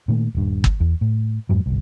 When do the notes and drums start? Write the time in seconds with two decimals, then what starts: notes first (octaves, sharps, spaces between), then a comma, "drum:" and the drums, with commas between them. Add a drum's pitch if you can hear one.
0.08 A#2 D#3 A3
0.35 D#1 G2
0.64 drum: kick
0.80 E2
1.01 A2
1.49 F2 G#2 F#3
1.66 G1 C2